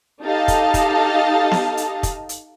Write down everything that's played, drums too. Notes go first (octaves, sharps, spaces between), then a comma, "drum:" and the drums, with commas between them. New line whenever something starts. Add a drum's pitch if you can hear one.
D#4 G4 A4 D#5 F5 A5
drum: kick, hi-hat
drum: kick, hi-hat
drum: snare B3
drum: hi-hat
drum: kick, hi-hat
drum: hi-hat